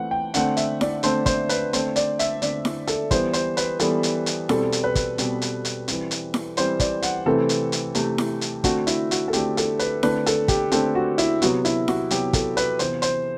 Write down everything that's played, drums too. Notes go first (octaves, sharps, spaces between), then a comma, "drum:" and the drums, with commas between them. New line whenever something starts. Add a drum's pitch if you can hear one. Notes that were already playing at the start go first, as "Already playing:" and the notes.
Already playing: E3 A3 C4 F#5
G5
D3 A3 C4 F#5, drum: hi-hat
E5, drum: hi-hat
D5, drum: snare E4
D3 A3 C4 C5, drum: hi-hat
C5, drum: kick, hi-hat
B4, drum: hi-hat
D3 A3 C4 C5, drum: hi-hat
D5, drum: hi-hat
E5, drum: hi-hat
D3 A3 C4 D5, drum: hi-hat
drum: snare E4
A4, drum: hi-hat
E3 G3 B3 C5, drum: kick, hi-hat
C5, drum: hi-hat
B4, drum: hi-hat
E3 G3 B3 A4, drum: hi-hat
drum: hi-hat
drum: hi-hat
B2 G3 C4 A4, drum: snare E4
drum: hi-hat
B4
drum: kick, hi-hat
B2 G3 C4, drum: hi-hat
drum: hi-hat
drum: hi-hat
E3 G3 C4, drum: hi-hat
drum: hi-hat
drum: snare E4
E3 G3 C4 C5, drum: hi-hat
D5, drum: kick, hi-hat
F#5, drum: hi-hat
C3 E3 A3 C4 A4
drum: hi-hat
drum: hi-hat
C3 E3 A3 C4, drum: hi-hat
drum: snare E4
drum: hi-hat
D3 A3 C4 F#4, drum: kick, hi-hat
E4, drum: hi-hat
F#4, drum: hi-hat
A4
D3 A3 C4 G4, drum: hi-hat
A4, drum: hi-hat
B4, drum: hi-hat
D3 A3 C4 B4, drum: snare E4
A4, drum: hi-hat
G4, drum: kick, hi-hat
D3 A3 C4 A4, drum: hi-hat
F#4
E4, drum: hi-hat
C3 F#3 B3 F#4, drum: hi-hat
E4, drum: hi-hat
F#4, drum: snare E4
C3 F#3 B3 G4, drum: hi-hat
A4, drum: kick, hi-hat
B4, drum: hi-hat
C3 E3 B3 C5, drum: hi-hat
C5, drum: hi-hat